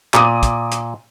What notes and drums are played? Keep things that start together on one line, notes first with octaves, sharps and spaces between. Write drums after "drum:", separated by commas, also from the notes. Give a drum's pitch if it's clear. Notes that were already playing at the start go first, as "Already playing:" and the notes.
A#2 D6 D#6 D#7, drum: clap
drum: kick, hi-hat
drum: hi-hat